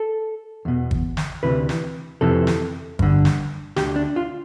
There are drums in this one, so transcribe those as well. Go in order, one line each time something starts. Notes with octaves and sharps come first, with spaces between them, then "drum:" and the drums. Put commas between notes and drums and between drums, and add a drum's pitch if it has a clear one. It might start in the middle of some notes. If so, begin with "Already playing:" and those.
Already playing: A4
E2 B2
drum: kick
drum: snare
D2 C3 E3 B4
drum: snare
F2 C3 E3 A4
drum: snare
G2 D3, drum: kick
drum: snare
D2 D3 G4, drum: snare
D4
F4